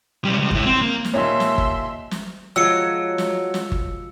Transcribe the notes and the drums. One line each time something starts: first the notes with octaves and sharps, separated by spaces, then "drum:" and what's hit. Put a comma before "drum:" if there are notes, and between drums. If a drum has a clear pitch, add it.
B1 G3
C#2
G#2 E4, drum: kick G1
C4
A#3
drum: snare
D#2 A#2 C#5 E5 C6
drum: snare
drum: kick G1
drum: snare
F3 F#3 G#3 E6 C#7
drum: snare
drum: snare
drum: kick G1